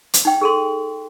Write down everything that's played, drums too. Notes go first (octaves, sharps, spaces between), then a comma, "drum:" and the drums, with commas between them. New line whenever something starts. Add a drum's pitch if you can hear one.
drum: hi-hat
D#4 G5
G#4 A4 C6